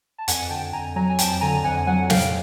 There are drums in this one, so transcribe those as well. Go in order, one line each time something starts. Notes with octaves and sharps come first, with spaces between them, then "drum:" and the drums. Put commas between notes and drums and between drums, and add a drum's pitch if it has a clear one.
A5
F2 F#5 G#5, drum: hi-hat
D3 G5 A5
F2 G#5 A#5
F#3 G#5 A#5
G#5
F2 G5 A5, drum: hi-hat
D3 G#5 A#5
F2 F#5 G#5
F#3 F#5 G#5
F2 F5 G5, drum: snare